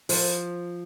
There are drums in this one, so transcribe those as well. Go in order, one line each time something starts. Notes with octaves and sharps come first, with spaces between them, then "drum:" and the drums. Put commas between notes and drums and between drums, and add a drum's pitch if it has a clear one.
F3, drum: open hi-hat